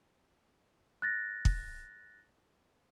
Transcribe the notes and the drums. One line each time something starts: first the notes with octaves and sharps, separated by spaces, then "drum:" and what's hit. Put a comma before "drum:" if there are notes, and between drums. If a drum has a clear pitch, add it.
F#6 A6 A#6
drum: kick